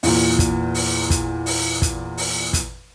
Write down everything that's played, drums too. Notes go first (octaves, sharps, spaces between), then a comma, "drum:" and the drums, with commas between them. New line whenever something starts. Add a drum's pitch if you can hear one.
E2 A#2, drum: open hi-hat
drum: kick, hi-hat
drum: open hi-hat
drum: kick, hi-hat
drum: open hi-hat
drum: kick, hi-hat
drum: open hi-hat
drum: kick, hi-hat